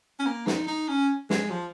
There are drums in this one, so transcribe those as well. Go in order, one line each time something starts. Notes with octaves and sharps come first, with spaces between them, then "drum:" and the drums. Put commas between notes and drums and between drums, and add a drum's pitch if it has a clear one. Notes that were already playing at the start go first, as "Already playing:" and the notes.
C#4
A#3
D#4, drum: snare
D#4
C#4
G#3, drum: snare
F3